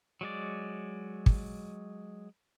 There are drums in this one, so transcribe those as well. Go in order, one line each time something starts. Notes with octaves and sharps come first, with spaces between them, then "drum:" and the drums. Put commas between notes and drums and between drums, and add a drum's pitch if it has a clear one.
F#3 G#3 D5
drum: kick